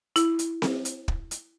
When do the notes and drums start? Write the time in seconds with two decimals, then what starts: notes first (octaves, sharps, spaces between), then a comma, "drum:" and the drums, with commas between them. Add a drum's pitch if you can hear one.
0.16 E4, drum: hi-hat
0.39 drum: hi-hat
0.62 drum: snare C4
0.85 drum: hi-hat
1.08 drum: kick
1.31 drum: hi-hat